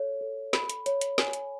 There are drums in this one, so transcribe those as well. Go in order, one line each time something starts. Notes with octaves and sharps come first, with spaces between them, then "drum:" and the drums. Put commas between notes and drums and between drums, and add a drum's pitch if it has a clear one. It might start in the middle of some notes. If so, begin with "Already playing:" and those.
Already playing: A4 C#5
A4
B5, drum: snare
drum: hi-hat
C#5, drum: hi-hat
drum: hi-hat
G#5, drum: snare
drum: hi-hat